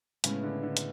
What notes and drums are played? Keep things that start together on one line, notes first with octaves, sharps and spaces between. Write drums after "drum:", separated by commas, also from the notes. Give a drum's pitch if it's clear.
A2 C#3 G#3 B3 E4 B4, drum: hi-hat
D3
D3
drum: hi-hat